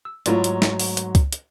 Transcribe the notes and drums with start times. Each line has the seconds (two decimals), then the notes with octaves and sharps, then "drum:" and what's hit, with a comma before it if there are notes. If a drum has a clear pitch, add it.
0.05 E6
0.26 G#2 F#3 A3 E4 F4 D5, drum: hi-hat
0.44 drum: hi-hat
0.62 A#5, drum: snare
0.80 drum: open hi-hat
0.97 drum: hi-hat
1.15 drum: kick C#2, hi-hat
1.33 drum: hi-hat